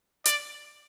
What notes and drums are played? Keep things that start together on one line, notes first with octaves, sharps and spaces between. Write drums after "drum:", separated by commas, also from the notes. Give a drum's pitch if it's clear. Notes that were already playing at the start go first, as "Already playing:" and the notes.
D5, drum: hi-hat